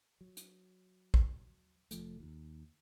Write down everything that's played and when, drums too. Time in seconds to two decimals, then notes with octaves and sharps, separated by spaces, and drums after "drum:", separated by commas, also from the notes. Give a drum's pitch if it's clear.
0.21 F#3
0.37 drum: hi-hat
1.14 drum: kick
1.91 F1 F3 A3, drum: hi-hat
2.20 D#2